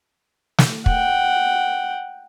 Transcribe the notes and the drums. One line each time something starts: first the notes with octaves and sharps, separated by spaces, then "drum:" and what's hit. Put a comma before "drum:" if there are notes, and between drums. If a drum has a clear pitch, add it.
drum: snare
F#5 G5, drum: kick